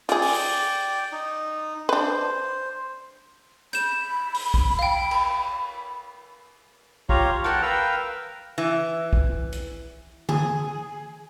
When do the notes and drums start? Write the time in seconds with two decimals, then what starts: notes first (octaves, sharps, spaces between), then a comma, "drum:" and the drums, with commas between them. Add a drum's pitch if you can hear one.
0.09 F4 G#4 D5 G5, drum: hi-hat
0.22 drum: open hi-hat
1.12 D#4
1.89 D4 B4 C5
3.73 B5 G6 E7, drum: hi-hat
4.34 drum: open hi-hat
4.54 drum: kick
4.79 F5 G5
5.11 drum: cymbal
7.09 F4 G4 C#5 F5 A#5, drum: kick
7.44 A#4 F#5 G5 A5, drum: rim click
7.62 A#4 B4 F5 G5 A#5 E6
8.58 E3
9.13 drum: kick
9.52 drum: hi-hat
10.29 G#4, drum: tom D3